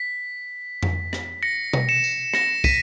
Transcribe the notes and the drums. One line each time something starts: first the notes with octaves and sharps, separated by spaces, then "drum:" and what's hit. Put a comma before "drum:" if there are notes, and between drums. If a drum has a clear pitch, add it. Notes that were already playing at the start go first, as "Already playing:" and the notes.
Already playing: B6
drum: tom F2
drum: rim click
A#6 C#7
drum: tom B2
C#7 E7
drum: tambourine
A#6 C#7, drum: rim click
B6 D#7, drum: kick, tambourine